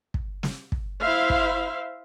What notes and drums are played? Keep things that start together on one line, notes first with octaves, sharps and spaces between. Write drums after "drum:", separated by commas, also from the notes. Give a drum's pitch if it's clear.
drum: kick
drum: snare
drum: kick
E4 C5 E5 F5
drum: kick